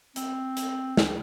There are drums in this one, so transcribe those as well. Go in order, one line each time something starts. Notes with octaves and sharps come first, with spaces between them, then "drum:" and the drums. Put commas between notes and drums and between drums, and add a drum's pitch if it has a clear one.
C4, drum: hi-hat
drum: hi-hat
drum: snare